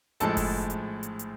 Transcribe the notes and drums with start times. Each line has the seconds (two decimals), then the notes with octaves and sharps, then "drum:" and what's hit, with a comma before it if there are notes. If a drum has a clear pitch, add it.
0.20 A#1 A2 F3 G#3 A4 A5, drum: hi-hat
0.37 drum: kick F#1, open hi-hat
0.70 drum: hi-hat
1.03 drum: hi-hat
1.19 drum: hi-hat